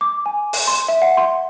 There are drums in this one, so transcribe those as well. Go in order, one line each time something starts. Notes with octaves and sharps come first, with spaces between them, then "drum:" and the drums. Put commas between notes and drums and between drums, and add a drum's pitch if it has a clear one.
D6
G#5
drum: open hi-hat
C6
E5
F#5
C6